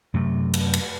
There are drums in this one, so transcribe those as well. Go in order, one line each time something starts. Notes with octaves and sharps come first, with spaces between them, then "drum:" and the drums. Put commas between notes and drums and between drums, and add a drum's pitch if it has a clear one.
F#2 C3 A3
drum: cymbal
drum: cymbal